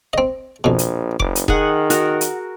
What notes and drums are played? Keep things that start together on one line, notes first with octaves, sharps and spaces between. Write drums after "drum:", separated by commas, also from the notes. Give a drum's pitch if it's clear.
C4 D#5
A#1 F2 B2
drum: hi-hat
F#1 D6, drum: kick E1
drum: hi-hat
D#3 G#4 F#5, drum: kick E1
F#4 A#4, drum: hi-hat
drum: hi-hat